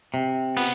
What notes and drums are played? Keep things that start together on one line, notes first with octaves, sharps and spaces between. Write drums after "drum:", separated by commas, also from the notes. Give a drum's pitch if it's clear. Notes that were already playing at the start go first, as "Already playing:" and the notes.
C3
B3, drum: cymbal